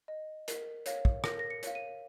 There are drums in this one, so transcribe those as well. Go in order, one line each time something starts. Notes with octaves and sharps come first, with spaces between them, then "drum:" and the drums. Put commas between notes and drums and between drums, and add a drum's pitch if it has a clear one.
D#5
A#4, drum: hi-hat
C#5 F5, drum: hi-hat
drum: kick
A#4 A#6, drum: rim click
A#6
C#7
C#5 F5, drum: hi-hat
D#7